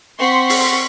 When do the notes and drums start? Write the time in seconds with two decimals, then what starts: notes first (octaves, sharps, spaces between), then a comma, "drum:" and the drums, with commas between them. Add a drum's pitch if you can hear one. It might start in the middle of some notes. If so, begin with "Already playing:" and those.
0.17 C4 F#5 C6 C#6 B6
0.49 drum: open hi-hat